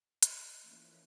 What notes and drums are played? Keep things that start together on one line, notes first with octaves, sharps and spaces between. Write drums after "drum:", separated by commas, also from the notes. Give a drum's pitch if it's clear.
D#5, drum: hi-hat
E3 F3 A3 A#3 C#4 E4